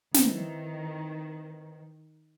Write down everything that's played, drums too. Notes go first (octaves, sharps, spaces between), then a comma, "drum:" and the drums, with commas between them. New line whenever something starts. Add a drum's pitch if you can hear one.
D#3 E3 C4 D#4, drum: snare